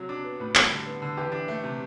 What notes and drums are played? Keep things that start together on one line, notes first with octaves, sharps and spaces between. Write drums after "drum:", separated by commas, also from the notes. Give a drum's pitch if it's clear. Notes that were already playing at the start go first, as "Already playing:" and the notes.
Already playing: C3 F#3
D4
B3
A2 B4
G3 A4, drum: clap
D3
B3
D3
E3 G4
D4
A3
C3